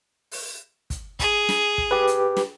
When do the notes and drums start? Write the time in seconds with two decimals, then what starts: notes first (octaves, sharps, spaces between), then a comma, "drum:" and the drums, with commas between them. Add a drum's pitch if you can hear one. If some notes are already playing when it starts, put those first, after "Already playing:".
0.32 drum: open hi-hat
0.90 drum: kick, hi-hat
1.19 G#4, drum: kick, hi-hat
1.49 drum: snare
1.78 drum: kick
1.91 G4 B4
2.07 drum: hi-hat
2.37 drum: snare